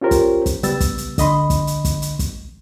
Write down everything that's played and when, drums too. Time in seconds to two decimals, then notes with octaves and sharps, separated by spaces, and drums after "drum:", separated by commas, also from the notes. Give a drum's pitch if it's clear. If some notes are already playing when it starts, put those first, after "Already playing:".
0.01 C#4 F4 G4 A#4 C5 C#5
0.11 drum: kick, hi-hat
0.46 drum: kick, hi-hat
0.63 C2 C#3 G3 B3 E6 A6, drum: hi-hat
0.80 drum: kick, hi-hat
0.98 drum: hi-hat
1.18 D3 D#5 B5 C6, drum: kick, hi-hat
1.50 drum: kick, hi-hat
1.67 drum: hi-hat
1.85 drum: kick, hi-hat
2.02 drum: hi-hat
2.19 drum: kick, hi-hat